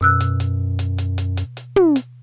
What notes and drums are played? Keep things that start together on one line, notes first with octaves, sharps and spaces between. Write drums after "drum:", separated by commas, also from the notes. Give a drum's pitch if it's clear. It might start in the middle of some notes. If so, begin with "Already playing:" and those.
F#2 B2 E6 F#6
drum: hi-hat
drum: hi-hat
drum: hi-hat
drum: hi-hat
drum: hi-hat
drum: hi-hat
drum: hi-hat
drum: tom
drum: hi-hat